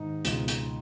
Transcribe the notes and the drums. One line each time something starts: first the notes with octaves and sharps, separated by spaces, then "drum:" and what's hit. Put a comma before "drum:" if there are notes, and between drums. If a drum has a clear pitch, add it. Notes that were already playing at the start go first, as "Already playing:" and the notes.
Already playing: G#2 D#3 D#4
C#2 B2, drum: hi-hat
drum: hi-hat